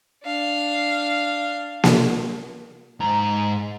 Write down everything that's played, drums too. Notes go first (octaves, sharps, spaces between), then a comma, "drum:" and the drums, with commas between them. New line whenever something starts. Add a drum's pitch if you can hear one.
D4 F5
drum: snare A#3
G#2 A#5